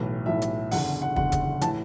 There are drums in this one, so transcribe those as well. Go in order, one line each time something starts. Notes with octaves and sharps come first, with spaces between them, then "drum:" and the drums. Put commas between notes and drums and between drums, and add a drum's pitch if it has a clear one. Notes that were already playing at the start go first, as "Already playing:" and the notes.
Already playing: B1 A2 E3
B1 A2 E3 E5
drum: hi-hat
F#1 E2 D3 F#5, drum: open hi-hat
F#5
F#1 E2 D3 F#5, drum: kick
drum: kick, hi-hat
A2 E3 A5, drum: hi-hat